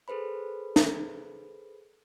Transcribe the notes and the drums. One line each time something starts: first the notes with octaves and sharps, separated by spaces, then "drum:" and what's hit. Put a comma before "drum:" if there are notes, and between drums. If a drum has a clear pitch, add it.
G#4 A4 B4 C5 B5
drum: snare